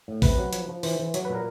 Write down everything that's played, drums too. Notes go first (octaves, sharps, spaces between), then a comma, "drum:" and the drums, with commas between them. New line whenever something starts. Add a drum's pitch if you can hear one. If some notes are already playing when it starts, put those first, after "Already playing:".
A2
C3 B4, drum: kick A1, open hi-hat
F#3
F3, drum: hi-hat
F3
E3 C5, drum: open hi-hat
E3
F#3 C#5, drum: hi-hat
B4
A#2 A#4